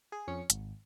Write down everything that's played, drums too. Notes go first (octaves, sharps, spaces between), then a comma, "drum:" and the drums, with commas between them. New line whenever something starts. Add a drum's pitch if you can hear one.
G#4
F2 C#4 C#7
G#1, drum: hi-hat